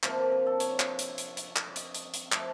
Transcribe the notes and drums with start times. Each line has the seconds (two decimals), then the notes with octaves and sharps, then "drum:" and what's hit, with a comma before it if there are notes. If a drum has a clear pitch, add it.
0.03 C3 F3 A#3 D4 A#4, drum: clap
0.17 B4
0.32 A#4
0.46 A4
0.60 C#5, drum: hi-hat
0.80 drum: clap
0.99 drum: hi-hat
1.18 drum: hi-hat
1.37 drum: hi-hat
1.56 drum: clap
1.67 D5
1.76 D#5, drum: hi-hat
1.95 drum: hi-hat
2.14 drum: hi-hat
2.32 F3 A3 D4 E5, drum: clap